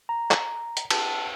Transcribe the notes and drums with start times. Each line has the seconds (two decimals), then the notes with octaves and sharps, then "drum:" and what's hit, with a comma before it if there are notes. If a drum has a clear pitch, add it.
0.09 A#5
0.31 drum: clap
0.77 drum: hi-hat
0.90 A5, drum: cymbal